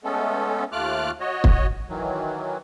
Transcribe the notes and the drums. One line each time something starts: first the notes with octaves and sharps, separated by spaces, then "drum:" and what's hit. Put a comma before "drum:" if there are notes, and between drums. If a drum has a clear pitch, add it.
G#3 A3 B3 C#4 A4
D#2 A3 F4 D6 F6 F#6
F#4 C#5 D#5
drum: kick
D#3 E3 F#3